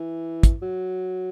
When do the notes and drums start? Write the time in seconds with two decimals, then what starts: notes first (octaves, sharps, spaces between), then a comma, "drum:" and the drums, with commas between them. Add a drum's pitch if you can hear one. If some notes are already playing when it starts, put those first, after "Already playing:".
Already playing: E3
0.43 drum: kick, hi-hat
0.62 F#3